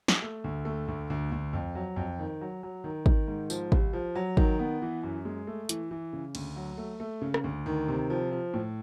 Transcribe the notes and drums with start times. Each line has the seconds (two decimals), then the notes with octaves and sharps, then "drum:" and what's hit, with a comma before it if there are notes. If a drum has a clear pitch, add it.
0.08 drum: snare
0.22 A3
0.44 D2
0.65 A3
0.88 D2
1.10 D2
1.32 D2
1.53 F2
1.75 F#3
1.96 F2
2.19 D#3
2.41 F#3
2.63 F#3
2.84 D#3
3.06 D#3, drum: kick G#1
3.28 G#2
3.50 F3, drum: tambourine
3.72 C2, drum: kick G#1
3.93 F3
4.15 F#3
4.37 D#3, drum: kick G#1
4.59 B3
4.82 E3
5.03 F#2
5.25 G#3
5.47 A3
5.69 E3, drum: hi-hat
5.91 E3
6.13 C#3
6.35 D2, drum: cymbal
6.56 F#3
6.78 A3
7.00 A3
7.22 C#3
7.34 drum: rim click
7.44 D2
7.66 D#3
7.88 C3
8.10 F3
8.31 F3
8.54 A2